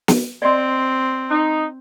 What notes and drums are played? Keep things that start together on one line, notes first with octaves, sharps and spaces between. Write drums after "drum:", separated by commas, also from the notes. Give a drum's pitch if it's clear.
drum: snare
C4 D5 D#5 C6
D#4